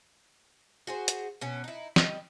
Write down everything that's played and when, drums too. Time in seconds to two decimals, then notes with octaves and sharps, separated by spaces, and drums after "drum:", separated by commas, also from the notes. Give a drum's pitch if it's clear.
0.87 F#4 G#4 C5
1.08 drum: hi-hat
1.41 B2 C#4
1.64 D#4 E4
1.96 G3 D#5, drum: snare